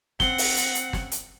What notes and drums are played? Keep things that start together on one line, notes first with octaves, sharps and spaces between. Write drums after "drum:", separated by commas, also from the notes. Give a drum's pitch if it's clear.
C4 F#5 G7, drum: snare
drum: open hi-hat
drum: hi-hat
drum: hi-hat
drum: snare
drum: hi-hat